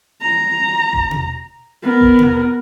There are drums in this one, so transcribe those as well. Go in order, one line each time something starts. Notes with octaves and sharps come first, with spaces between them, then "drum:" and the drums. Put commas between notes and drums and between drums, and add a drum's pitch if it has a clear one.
A#5
drum: kick G1
drum: tom B2
B3 A#4
drum: kick G1
drum: tom B2